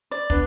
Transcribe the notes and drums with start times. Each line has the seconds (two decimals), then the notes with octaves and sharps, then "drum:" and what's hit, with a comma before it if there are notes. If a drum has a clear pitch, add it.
0.11 D5
0.30 B3 D4, drum: kick